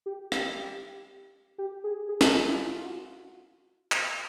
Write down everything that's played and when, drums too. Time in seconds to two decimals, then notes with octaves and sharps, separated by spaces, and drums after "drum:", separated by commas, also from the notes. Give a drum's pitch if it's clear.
0.06 G4
0.32 G4, drum: rim click
1.58 G4
1.84 G#4
2.09 G#4
2.21 G4, drum: snare
2.34 F4
2.47 E4
2.59 F4
2.74 F4
2.85 F#4
3.92 drum: clap